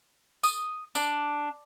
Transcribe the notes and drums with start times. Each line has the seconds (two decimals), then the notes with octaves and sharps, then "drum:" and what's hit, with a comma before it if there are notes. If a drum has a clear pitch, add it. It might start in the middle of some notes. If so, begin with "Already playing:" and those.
0.43 D#6, drum: tambourine
0.95 D4, drum: tambourine